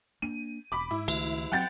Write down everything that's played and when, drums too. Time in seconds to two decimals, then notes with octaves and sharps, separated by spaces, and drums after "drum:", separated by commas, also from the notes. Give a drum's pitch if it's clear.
0.22 A#3 D4 D#7
0.72 E1 B5 D6
0.91 G#2 E4
1.08 C#2 D#3 A3, drum: cymbal
1.52 F#3 C4 F#5 G5 A6